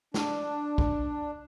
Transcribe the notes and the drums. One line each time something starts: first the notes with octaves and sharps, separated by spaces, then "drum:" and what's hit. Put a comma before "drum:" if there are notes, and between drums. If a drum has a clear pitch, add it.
D4, drum: snare
drum: kick